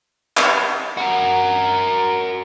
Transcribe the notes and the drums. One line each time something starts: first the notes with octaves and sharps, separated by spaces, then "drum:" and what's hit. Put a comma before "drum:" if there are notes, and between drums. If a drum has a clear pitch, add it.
drum: clap
F#4 A#4